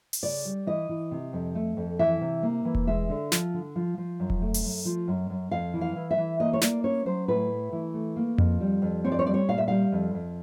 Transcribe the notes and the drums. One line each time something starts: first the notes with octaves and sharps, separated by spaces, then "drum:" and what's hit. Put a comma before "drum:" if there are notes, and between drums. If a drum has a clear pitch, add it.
drum: open hi-hat
C#3 D5
G3
E3 D#5
E3
C3
F2
A3
F2
E3 E5
C3
A#3
E3
drum: kick E1
G#3 E5
D3
F3, drum: snare
D3
F3
F3
F#2
drum: kick E1
A3
drum: open hi-hat
F#2
F3
F#2
F#2
F2 F5
E3
F5
E3
E5
E3
A#3 D#5
C#5
A#3 D5, drum: snare
C#4 C#5
F#3 C5
A2 B4
A3
E3
A3
A#3
F2, drum: tom F2
G3
F2
C4 C#5
D5
C#5
G3 D5
C#5
A#2 F5
E5
G3 F5
F2
F2